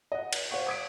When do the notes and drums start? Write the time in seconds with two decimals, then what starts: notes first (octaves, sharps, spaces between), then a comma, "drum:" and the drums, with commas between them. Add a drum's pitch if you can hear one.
0.12 D#5 F#5
0.33 drum: cymbal
0.51 C5 F5 F#5 C#6
0.67 D6 D#6 G#6 B6 D7